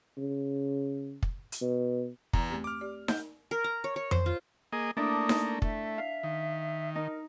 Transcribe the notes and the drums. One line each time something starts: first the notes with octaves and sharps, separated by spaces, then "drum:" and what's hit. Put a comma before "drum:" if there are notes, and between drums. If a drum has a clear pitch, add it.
C#3
drum: kick
drum: hi-hat
B2
E2 A#5, drum: kick
A3 C4 G4
D6 F6
G4 D5
D#5 F#5 G6, drum: snare D#4
A#4
A#5
C#5
C#5
C5, drum: tom F2
F4
A#3 G#4 D#5
A3 A#3 D4 E4 D5 D#6
drum: snare D#4
A3 E5, drum: kick
F5
D#3
D#4 A#4